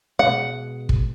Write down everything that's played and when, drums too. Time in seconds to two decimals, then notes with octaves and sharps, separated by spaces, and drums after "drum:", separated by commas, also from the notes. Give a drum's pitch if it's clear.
0.19 B2 G#3 F#5
0.89 drum: kick